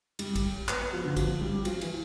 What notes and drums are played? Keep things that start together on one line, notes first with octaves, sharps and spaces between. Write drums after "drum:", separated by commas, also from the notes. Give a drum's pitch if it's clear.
G3, drum: cymbal
drum: kick, cymbal
B3, drum: clap
B3
F3
D3
F3, drum: kick, cymbal
G3
F3, drum: cymbal
E3, drum: cymbal